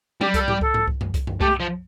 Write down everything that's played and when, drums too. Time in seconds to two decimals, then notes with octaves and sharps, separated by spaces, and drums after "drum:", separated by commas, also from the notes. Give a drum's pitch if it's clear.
0.21 G3 G4, drum: tom F#3
0.34 A4, drum: kick C2, hi-hat
0.48 G4, drum: tom G#2
0.61 A4, drum: kick C2
0.74 drum: tom G#2
0.88 drum: kick C2
1.01 drum: tom F#2
1.14 drum: kick C2, hi-hat
1.27 drum: tom F#2
1.41 A3 G4, drum: kick C2
1.60 F3